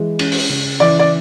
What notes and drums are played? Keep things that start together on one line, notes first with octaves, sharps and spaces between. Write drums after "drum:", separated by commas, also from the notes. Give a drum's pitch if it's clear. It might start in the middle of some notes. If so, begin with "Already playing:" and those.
Already playing: E3 G#3
C#4, drum: cymbal
drum: open hi-hat
C#3
E3 D5
D5